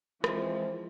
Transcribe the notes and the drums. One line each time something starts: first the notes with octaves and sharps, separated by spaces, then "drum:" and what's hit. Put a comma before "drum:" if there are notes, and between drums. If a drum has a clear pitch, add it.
E3 F3 G#3 C4, drum: rim click